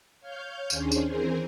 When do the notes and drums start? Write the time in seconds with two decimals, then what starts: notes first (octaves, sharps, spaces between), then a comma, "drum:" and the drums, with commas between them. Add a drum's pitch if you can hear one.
0.20 C#5 F5 F6 G6
0.70 D#2 D#3 C#4 D4 G#4 C5, drum: tambourine
0.92 drum: tambourine
1.06 E3 C4 G#4 A#4 C5